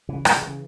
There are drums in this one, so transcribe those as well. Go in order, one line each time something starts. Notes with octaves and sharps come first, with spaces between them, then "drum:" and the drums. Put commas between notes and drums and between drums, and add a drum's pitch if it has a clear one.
C#3 E3
C#3, drum: rim click
C#3